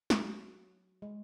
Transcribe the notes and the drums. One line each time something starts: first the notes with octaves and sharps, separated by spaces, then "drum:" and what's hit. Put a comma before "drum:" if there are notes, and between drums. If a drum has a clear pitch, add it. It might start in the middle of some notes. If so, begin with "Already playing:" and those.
drum: snare
F#3
G#3